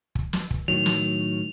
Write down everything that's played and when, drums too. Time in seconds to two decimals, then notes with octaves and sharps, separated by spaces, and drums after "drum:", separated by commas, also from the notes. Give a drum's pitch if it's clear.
0.15 drum: kick
0.33 drum: snare
0.51 drum: kick
0.68 A2 D#3 F#3 F7
0.86 drum: snare